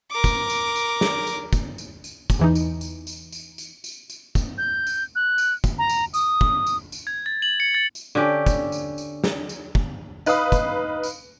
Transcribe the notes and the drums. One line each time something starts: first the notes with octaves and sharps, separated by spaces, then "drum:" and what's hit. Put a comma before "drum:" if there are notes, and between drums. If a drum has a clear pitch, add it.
A#4 D6
drum: kick, tambourine
drum: tambourine
drum: tambourine
drum: snare
drum: tambourine
drum: kick, tambourine
drum: tambourine
drum: tambourine
drum: kick, tambourine
E2 E3 D#4
drum: tambourine
drum: tambourine
drum: tambourine
drum: tambourine
drum: tambourine
drum: tambourine
drum: tambourine
drum: kick, tambourine
G6
drum: tambourine
F#6
drum: tambourine
drum: kick, tambourine
A#5
drum: tambourine
D#6, drum: tambourine
drum: kick
drum: tambourine
drum: tambourine
G#6
A6
F#7
C#7
A6
drum: tambourine
D3 C#4 G4
drum: kick, tambourine
drum: tambourine
drum: tambourine
drum: snare
drum: tambourine
drum: kick
D#4 B4 F5 B5 D#6, drum: tambourine
drum: kick, tambourine
drum: tambourine